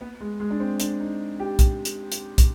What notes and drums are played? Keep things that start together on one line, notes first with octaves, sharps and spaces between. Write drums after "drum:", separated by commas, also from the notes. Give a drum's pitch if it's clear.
B3
G#3
G#3
D4
C4
D4, drum: hi-hat
D#4
G4
drum: kick, hi-hat
drum: hi-hat
drum: hi-hat
drum: kick, hi-hat